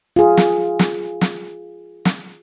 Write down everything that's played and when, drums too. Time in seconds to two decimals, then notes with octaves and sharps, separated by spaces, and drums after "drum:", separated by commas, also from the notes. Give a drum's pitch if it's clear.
0.16 F4 G#4
0.37 drum: snare
0.79 drum: snare
1.21 drum: snare
2.05 drum: snare